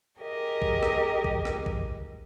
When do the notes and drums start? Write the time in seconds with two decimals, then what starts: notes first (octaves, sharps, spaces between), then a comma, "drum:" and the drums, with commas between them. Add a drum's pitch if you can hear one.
0.20 G4 G#4 A#4 D#5
0.62 drum: kick A#1
0.83 drum: rim click
1.24 drum: kick A#1
1.45 drum: rim click
1.66 drum: kick A#1